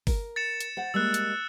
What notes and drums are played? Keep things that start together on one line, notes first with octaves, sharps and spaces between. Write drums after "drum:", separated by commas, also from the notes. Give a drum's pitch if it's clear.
A#4, drum: kick G1, open hi-hat
A6 C#7 E7
drum: hi-hat
C5 F#5
G3 G#3 A#3 E6 F#6
drum: hi-hat